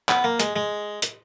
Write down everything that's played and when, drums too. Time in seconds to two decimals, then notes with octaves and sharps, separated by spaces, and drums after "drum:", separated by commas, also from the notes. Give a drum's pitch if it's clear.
0.09 B3, drum: clap
0.24 A#3
0.40 G#3, drum: hi-hat
0.56 G#3
1.02 drum: hi-hat